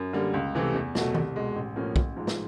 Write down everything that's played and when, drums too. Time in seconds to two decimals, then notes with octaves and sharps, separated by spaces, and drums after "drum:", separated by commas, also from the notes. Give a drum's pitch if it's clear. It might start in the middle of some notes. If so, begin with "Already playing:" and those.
Already playing: F#2
0.13 D3 G3 A#3
0.34 C#2
0.55 C3 E3 A3 C4
0.74 E2
0.95 B2 F#3 A3, drum: snare
1.14 C2, drum: tom D#3
1.36 B2 G#3
1.56 A1
1.76 A2 F3 A#3 C#4
1.96 A1, drum: kick
2.16 G#2 F3 G#3
2.27 drum: snare